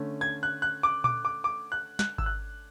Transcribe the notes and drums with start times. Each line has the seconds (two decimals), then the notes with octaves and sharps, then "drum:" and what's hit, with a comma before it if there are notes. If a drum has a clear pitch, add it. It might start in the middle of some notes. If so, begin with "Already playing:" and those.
Already playing: D3 A3 C#4
0.21 G#6
0.43 F#6
0.62 F#6
0.83 D6
1.04 D6, drum: tom A#2
1.25 D6
1.44 D6
1.72 F#6
1.99 F#6, drum: snare
2.18 E6, drum: kick G#1
2.26 F#6